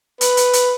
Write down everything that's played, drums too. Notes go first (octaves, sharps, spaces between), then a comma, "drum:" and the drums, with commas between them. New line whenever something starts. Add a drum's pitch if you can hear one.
B4, drum: hi-hat
drum: hi-hat
drum: hi-hat